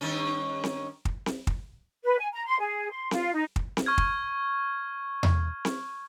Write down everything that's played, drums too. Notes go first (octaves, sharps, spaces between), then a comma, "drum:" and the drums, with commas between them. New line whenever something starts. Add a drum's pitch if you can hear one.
G2 D#3 C#4
drum: snare C4
drum: kick
drum: snare C4
drum: kick
B4
G#5
A#5
C6
G#4
C6
F4, drum: snare C4
D#4
drum: kick
drum: snare C4
C#6 F6 G#6
drum: kick
drum: tom E2
drum: snare C4